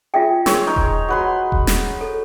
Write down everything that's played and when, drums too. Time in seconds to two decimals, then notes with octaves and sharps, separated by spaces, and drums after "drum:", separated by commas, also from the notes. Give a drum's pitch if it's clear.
0.14 F4 G#4 E5 G5
0.46 G#4 A#4 C5 C#5 C6, drum: snare
0.67 D#4 A#4 C#6
0.76 drum: kick E1
1.08 F#3 B4 C6
1.52 drum: kick E1
1.67 drum: snare
2.01 A4